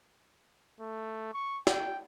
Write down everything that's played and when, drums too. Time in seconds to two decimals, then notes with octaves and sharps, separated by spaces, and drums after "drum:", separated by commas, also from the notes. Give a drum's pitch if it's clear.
0.80 A3
1.33 C#6
1.67 G5, drum: snare